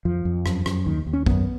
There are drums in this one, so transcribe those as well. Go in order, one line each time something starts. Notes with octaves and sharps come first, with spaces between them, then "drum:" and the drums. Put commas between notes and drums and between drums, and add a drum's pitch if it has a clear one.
F2 F3
F2
F#2, drum: rim click
F#2, drum: rim click
D#2 D#3
D#2
C#4
F#2 B3, drum: kick